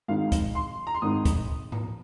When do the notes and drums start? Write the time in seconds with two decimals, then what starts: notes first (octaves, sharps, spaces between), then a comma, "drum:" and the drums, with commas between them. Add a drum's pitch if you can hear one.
0.08 G#1 G#2 D#3 F5
0.32 drum: kick, hi-hat
0.55 C6
0.87 A#5
0.94 C6
1.02 G#1 G#2 D#3 D#6
1.25 drum: kick, hi-hat
1.72 drum: tom G#2